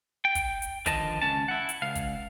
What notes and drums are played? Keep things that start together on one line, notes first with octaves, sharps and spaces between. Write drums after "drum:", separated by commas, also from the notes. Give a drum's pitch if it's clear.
G5
drum: kick, hi-hat
drum: hi-hat
D3 D#3 F3 D#5 A5, drum: kick, hi-hat
C#2 C#4 A5
E4 F#5
drum: hi-hat
C#2 F5
drum: kick, hi-hat